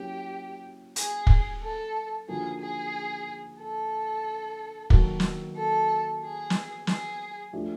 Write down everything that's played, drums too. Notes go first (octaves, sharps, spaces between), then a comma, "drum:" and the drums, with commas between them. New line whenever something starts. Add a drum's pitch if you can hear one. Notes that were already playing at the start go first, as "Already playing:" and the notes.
Already playing: F#3 A#3 C#4 E4 G4
G#4, drum: hi-hat
drum: kick
A4
D3 F3 A#3 D#4 F#4 G#4
G#4
A4
D#3 F#3 A#3, drum: kick
drum: snare
A4
G#4
drum: snare
G#4, drum: snare
F3 A3 D4 G4